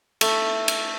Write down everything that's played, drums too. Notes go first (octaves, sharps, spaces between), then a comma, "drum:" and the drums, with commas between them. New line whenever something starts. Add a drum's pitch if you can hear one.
A3, drum: cymbal
drum: cymbal